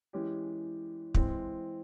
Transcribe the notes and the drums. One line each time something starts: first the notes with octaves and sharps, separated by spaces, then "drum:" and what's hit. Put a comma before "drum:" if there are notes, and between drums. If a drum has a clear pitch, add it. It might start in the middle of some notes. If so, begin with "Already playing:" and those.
E3 G#3 C#4 G4
E3 G#3 C4, drum: kick